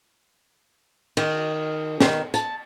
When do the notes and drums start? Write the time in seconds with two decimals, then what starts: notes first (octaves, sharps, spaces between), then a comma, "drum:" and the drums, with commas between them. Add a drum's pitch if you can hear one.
1.17 D#3, drum: cymbal
2.00 D#3, drum: snare
2.34 A5, drum: hi-hat